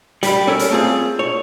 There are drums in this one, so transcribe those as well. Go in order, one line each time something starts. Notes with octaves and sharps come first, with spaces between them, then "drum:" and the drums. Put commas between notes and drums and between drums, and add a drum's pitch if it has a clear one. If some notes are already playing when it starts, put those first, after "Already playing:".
G3 B5, drum: hi-hat
C#4 A4 A#4 C#5 D5
drum: hi-hat
A3 C4 F4 G#4
C#5